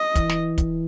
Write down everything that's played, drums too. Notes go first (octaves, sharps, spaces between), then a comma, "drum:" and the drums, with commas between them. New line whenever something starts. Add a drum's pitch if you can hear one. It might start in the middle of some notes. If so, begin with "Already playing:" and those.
Already playing: D#5
E3, drum: kick, hi-hat
drum: snare
drum: kick, hi-hat